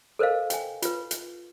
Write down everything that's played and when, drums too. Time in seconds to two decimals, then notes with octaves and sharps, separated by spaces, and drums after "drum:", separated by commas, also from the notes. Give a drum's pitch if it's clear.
0.19 A4 A#4 C5 D#5 F5
0.50 G5 G#5, drum: hi-hat
0.82 F4 B4, drum: hi-hat
1.11 drum: hi-hat